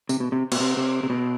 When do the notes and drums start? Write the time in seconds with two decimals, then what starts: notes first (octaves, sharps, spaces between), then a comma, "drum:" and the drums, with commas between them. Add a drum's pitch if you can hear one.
0.09 C3, drum: tambourine
0.20 B2
0.32 C3
0.52 B2, drum: cymbal
0.60 C3
0.77 C3
1.03 C3
1.10 B2